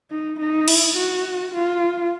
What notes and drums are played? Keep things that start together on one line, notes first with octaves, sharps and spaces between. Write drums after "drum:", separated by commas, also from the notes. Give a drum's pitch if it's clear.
D#4
D#4
E4, drum: cymbal
F#4
F4